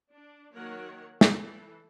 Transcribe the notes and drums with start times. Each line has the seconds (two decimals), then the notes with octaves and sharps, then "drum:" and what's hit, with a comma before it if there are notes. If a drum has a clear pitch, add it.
0.13 D4
0.55 D#3 F#3 A#3 A#4 C#5 F#5
1.21 E3 A4, drum: snare